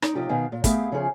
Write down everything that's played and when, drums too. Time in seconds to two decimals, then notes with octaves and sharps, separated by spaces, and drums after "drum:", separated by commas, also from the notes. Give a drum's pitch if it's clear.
0.02 D#4 D5, drum: rim click
0.15 C3 F3 D#4 F4 G4
0.29 B2 D#3 B3 F5 G#5
0.52 A#2
0.64 A3 B3 E4 G4 G#4 F5, drum: kick, hi-hat
0.92 C#3 F3 C#4 F4 G#4